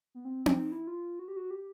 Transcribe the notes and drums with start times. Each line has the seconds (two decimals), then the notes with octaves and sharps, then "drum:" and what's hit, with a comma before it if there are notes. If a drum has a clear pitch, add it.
0.15 B3
0.25 C4
0.46 drum: tom C4
0.56 D#4
0.72 E4
0.87 F4
1.19 F#4
1.28 G4
1.36 F#4
1.51 G4